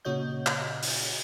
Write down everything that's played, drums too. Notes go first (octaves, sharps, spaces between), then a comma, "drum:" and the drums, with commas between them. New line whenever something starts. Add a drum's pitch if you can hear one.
A#2 C#3 F#4 C#5 D#5 G6
drum: clap
drum: open hi-hat